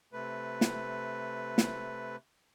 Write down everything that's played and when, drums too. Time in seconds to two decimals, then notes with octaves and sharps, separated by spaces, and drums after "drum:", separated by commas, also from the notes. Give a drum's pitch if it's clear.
0.13 C3 A3 B4
0.61 drum: snare
1.58 drum: snare